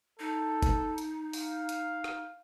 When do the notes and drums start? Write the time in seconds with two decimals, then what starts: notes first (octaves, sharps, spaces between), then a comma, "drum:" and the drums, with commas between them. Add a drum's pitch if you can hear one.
0.19 D#4 A4
0.63 drum: kick G1, hi-hat
0.98 drum: hi-hat
1.33 F5, drum: open hi-hat
1.69 drum: hi-hat
2.04 drum: rim click